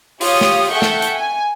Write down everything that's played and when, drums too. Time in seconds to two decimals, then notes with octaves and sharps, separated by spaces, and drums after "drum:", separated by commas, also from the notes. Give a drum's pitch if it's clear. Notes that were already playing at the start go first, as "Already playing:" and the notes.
0.21 F4 G4 C#5 D#6, drum: open hi-hat
0.41 drum: snare
0.70 A4 E5 F#5 G5 C#6 G6
0.82 drum: snare
1.02 drum: hi-hat
1.17 G#5